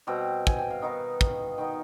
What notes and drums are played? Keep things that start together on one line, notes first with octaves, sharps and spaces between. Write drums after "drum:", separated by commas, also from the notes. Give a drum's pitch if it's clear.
B2 G3 C4 G5
G#5, drum: kick
G5
F5
D#3 B3 D#4 D#5
drum: kick
D#3 B3 D#4 G5